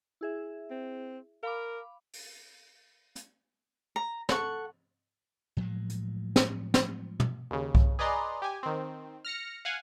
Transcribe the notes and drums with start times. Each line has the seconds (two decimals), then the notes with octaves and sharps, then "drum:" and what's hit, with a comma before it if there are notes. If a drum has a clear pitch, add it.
0.21 E4 G#4 E5
0.71 C4
1.43 A#4 F5 B5 D6
2.13 drum: open hi-hat
3.16 drum: hi-hat
3.96 A#5
4.29 A4 F#5 C#6, drum: snare
5.57 A2 F3 F#3 G#3
5.90 drum: hi-hat
6.36 drum: snare
6.74 drum: snare
7.20 drum: tom
7.51 D#2 C#3
7.75 drum: kick B1
7.99 G#4 B4 D5 D#5 A#5 C6
8.42 G4 G#5
8.63 D#3 C4
9.25 F6 A#6 C#7
9.65 F5 F#5 G#5